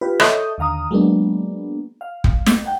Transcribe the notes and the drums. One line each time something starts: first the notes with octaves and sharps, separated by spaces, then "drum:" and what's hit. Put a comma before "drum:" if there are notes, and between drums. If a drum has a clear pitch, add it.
F4 G4 B4
A4 C#5 D#5 E5 D#6 G6, drum: rim click
D#2 D3 F5 A#5 D#6
F#3 G#3 A#3 B3 D4
F5
drum: kick
drum: snare
F#5 G5